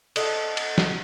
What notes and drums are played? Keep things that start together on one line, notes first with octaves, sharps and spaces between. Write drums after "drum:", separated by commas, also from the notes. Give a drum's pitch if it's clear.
A4 D#5 E5 F#5, drum: cymbal
drum: cymbal
drum: snare